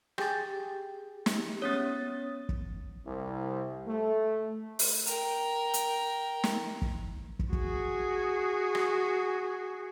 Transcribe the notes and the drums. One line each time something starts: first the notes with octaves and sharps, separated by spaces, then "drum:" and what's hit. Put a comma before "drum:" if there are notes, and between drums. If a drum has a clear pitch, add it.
G4 G#4 G6 A6, drum: rim click
drum: snare
B3 C#4 C#5 D#6 A6
drum: kick
C2
A3
drum: open hi-hat
A#4 G5, drum: hi-hat
drum: hi-hat
drum: snare
drum: kick
drum: kick
F#4 G#4, drum: kick
drum: rim click